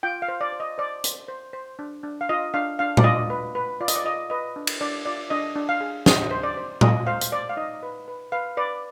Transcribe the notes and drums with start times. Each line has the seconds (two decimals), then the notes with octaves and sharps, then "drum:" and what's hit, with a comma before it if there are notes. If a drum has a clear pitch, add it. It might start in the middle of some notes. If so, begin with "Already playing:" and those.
0.03 F4 G5
0.22 F5
0.28 C5
0.41 D5
0.53 C5
0.60 D#5
0.78 C5 D5
1.04 C5, drum: hi-hat
1.28 C5
1.53 C5
1.79 D4
2.03 D4
2.21 F5
2.29 F4 D#5
2.54 D4 F5
2.79 D4 F5
2.97 D5, drum: tom A#2
3.04 F4 D#5
3.30 B4
3.55 B4
3.81 F4 D5
3.88 D#5, drum: hi-hat
3.96 D5
4.05 F4 D#5
4.30 B4 D#5
4.56 D4
4.67 drum: cymbal
4.81 D4 D5
5.05 F4 D5
5.30 D4 D#5
5.56 D4
5.69 F5
5.81 G#4
6.06 C5 D#5, drum: snare
6.31 C5
6.43 D5
6.57 C5
6.81 F4 D#5, drum: tom A#2
7.07 C5 F5
7.21 drum: hi-hat
7.32 C5 D5
7.49 F5
7.57 D#4 D#5
7.83 B4
8.08 B4
8.32 B4 F5
8.57 B4 D5